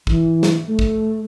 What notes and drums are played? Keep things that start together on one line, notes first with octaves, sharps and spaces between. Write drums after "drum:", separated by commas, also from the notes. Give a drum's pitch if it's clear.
E3, drum: kick
drum: snare
A3
drum: kick